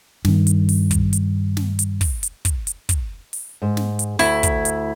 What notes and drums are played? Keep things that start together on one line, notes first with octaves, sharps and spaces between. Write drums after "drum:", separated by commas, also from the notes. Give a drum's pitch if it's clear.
G2 D#3, drum: snare
drum: hi-hat
drum: open hi-hat
drum: kick, hi-hat
drum: hi-hat
drum: snare
drum: hi-hat
drum: kick, open hi-hat
drum: hi-hat
drum: kick, hi-hat
drum: hi-hat
drum: kick, hi-hat
drum: open hi-hat
G#2
drum: snare
drum: hi-hat
D2 E4, drum: open hi-hat
drum: kick, hi-hat
drum: hi-hat